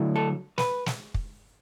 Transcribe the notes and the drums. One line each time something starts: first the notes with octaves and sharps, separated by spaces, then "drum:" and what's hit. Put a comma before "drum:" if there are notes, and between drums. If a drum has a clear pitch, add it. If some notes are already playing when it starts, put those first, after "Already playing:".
Already playing: D3 F#3 A3 E4
A4
B4, drum: snare
drum: snare
drum: kick